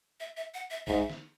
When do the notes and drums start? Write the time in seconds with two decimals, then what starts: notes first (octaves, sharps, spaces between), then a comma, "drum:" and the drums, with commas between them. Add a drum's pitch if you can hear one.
0.20 E5
0.37 E5
0.54 F#5
0.70 E5
0.87 G#2 E5, drum: kick
1.10 drum: snare